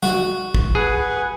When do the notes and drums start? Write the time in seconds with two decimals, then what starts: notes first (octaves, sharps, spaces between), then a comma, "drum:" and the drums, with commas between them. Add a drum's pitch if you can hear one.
0.03 F#4, drum: snare
0.54 drum: kick
0.75 G#4 B4 F#5 G#5